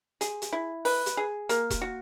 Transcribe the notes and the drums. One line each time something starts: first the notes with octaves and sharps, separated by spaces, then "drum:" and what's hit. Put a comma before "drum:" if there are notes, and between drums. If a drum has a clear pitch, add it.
G#4, drum: hi-hat
drum: hi-hat
E4
B4, drum: open hi-hat
drum: hi-hat
G#4
A#3, drum: hi-hat
drum: kick E1, hi-hat
F#4